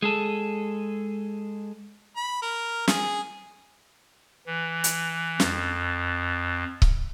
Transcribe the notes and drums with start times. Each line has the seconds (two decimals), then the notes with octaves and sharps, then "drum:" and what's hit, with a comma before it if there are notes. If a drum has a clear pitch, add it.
0.02 G#3 G#4 A4
2.16 B5
2.42 A#4
2.88 G#4, drum: snare
4.46 E3
4.84 drum: hi-hat
5.40 F2, drum: snare
6.82 drum: kick C#1